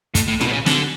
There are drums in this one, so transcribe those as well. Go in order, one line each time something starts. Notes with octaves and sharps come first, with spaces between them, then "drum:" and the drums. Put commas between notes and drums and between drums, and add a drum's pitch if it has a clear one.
A2, drum: kick, hi-hat
A2
A2, drum: tom
B2
C#3
D3, drum: snare